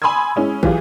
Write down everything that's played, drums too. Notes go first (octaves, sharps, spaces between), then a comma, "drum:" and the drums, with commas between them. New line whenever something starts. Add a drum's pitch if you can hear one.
G#5 B5 C6 D#6 E6 G#6
G#3 C#4 E4
E3 F#3 F4 G4 G#4, drum: kick